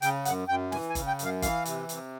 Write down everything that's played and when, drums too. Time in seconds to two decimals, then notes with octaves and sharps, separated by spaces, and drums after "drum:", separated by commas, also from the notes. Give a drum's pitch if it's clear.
0.02 C#3 G5, drum: hi-hat
0.25 F#2 F#5, drum: hi-hat
0.48 F#2 G5
0.72 E3 G#5, drum: snare
0.90 G#5
0.95 C#3, drum: kick G1, hi-hat
1.07 G5
1.19 F#2, drum: hi-hat
1.25 F5
1.42 E3 F5, drum: kick G1, hi-hat
1.65 C3, drum: hi-hat
1.89 C3, drum: hi-hat